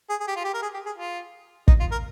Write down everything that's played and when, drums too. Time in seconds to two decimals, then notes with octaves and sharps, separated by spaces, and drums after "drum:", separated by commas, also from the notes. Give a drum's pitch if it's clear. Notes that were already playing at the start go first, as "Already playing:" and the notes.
0.10 G#4
0.20 G#4
0.28 G4
0.36 F4
0.44 G4
0.54 A#4
0.62 G#4
0.74 G4
0.86 G#4
0.98 F4
1.68 D#4, drum: kick
1.80 F4
1.91 A#4